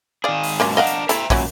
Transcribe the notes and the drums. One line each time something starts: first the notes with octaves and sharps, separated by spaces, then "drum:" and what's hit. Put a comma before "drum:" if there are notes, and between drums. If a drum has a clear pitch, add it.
D#3 G#4 D5 F5
drum: open hi-hat
G#2 B2 F#3 A#3 C#4 F4
D4 A#4 D#5 F5 F#5
drum: hi-hat
E4 A4 E5 G5 A#5, drum: hi-hat
F#2 A#2 F#3 C#4 E4, drum: kick, open hi-hat